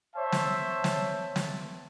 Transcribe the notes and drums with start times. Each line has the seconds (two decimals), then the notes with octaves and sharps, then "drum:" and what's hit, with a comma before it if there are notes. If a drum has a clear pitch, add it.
0.15 C5 C#5 E5 A5
0.32 drum: snare
0.84 drum: snare
1.36 drum: snare